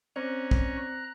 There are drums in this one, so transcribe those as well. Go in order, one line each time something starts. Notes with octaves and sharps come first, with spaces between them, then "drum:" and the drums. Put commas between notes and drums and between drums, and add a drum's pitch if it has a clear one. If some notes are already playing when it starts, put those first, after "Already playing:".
C4 C#4 C5 D5 A#5 F#6
drum: kick